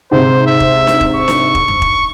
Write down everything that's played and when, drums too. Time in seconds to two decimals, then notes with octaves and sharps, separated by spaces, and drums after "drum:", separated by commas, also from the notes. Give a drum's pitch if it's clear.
0.11 G#2 C3 C5
0.47 E5
0.60 drum: kick E1
0.87 drum: snare D4
1.01 drum: kick E1
1.15 C#6
1.28 drum: snare D4
1.55 drum: kick E1
1.68 drum: tom F2
1.82 drum: kick E1